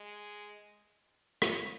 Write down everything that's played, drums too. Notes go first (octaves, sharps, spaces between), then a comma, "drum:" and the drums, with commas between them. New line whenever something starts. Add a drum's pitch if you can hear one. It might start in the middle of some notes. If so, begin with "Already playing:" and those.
Already playing: G#3
drum: rim click